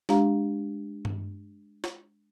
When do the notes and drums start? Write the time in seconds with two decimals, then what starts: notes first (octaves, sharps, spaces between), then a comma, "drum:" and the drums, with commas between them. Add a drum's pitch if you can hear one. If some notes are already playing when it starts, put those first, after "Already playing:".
0.09 G#3 D4 G4 F5 A#5, drum: snare
1.05 drum: tom G2
1.84 drum: snare